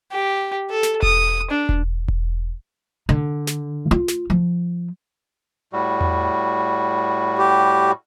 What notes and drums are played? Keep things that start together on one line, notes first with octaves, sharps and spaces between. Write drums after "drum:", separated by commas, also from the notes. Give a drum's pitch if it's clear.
G4
A4
drum: snare
D#6, drum: kick E1
D4
drum: kick E1
drum: kick E1
D3
drum: snare
F4
drum: snare
F3
A2 G3 F#4
drum: tom E2
G4